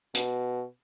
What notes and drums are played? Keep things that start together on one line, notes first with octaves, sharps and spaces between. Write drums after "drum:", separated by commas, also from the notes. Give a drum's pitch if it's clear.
B2, drum: hi-hat